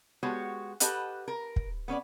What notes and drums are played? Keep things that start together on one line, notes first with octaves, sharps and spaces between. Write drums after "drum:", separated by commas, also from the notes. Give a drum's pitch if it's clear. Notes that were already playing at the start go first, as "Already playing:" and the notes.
G#3 B3 F#4 G4 C#5
G4 A4 B4 D#5 F#5, drum: hi-hat
A#4
drum: kick
B3 C#4 C#5 D5